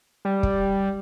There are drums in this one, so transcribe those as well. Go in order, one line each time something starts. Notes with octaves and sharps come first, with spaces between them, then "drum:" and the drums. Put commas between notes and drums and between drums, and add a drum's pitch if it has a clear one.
G3
drum: kick